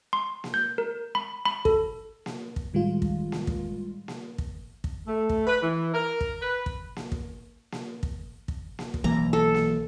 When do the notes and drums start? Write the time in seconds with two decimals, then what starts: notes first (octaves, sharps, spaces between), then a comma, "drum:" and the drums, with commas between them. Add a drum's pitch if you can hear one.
0.13 C6
0.44 drum: snare A#3
0.54 G6
0.78 A#4
1.15 B5
1.45 B5
1.65 A4, drum: kick
2.26 drum: snare A#3
2.56 drum: kick
2.74 A2 D#3 G3 G#3 F4
3.02 drum: kick
3.32 drum: snare A#3
3.47 drum: kick
4.08 drum: snare A#3
4.38 drum: kick
4.84 drum: kick
5.08 A3
5.29 drum: kick
5.47 B4
5.62 E3
5.94 A#4
6.21 drum: kick
6.42 B4
6.66 drum: kick
6.96 drum: snare A#3
7.12 drum: kick
7.72 drum: snare A#3
8.03 drum: kick
8.48 drum: kick
8.79 drum: snare A#3
8.94 drum: kick
9.04 B1 E3 A#3 A#5
9.33 A4
9.55 drum: snare A#3